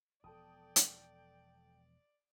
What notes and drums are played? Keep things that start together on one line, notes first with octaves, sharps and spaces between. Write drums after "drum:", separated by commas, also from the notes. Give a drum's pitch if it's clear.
E1 F3 B3 A4 D5 G5 A5 D#6
drum: hi-hat